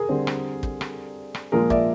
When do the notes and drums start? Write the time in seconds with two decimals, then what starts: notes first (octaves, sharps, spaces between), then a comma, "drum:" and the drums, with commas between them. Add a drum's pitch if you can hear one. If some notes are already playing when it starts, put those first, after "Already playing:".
Already playing: G#4 A#4
0.09 D3 G3 C4
0.27 drum: rim click
0.63 drum: kick
0.81 drum: rim click
1.35 drum: rim click
1.52 A#2 F3 G#3 G#4 A#4
1.70 D5 E5, drum: kick